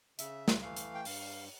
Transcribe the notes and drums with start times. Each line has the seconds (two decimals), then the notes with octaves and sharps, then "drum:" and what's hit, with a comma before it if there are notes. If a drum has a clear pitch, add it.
0.19 C#3 E5, drum: hi-hat
0.48 drum: snare
0.62 E3 A3 F5
0.76 drum: hi-hat
0.94 G5
1.05 G2 F5, drum: open hi-hat